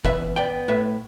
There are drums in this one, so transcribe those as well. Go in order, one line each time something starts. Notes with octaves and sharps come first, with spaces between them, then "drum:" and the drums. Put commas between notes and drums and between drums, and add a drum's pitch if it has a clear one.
E2 B4 E5, drum: kick
B3 D5 G5
A2 B4 E5